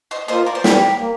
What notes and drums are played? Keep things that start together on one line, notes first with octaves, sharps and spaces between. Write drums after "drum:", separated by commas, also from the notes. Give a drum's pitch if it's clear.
C5 D#5
A#3 F4 C5 D#5
A#4 D5
C5
G3 G4 A#4, drum: snare
A#3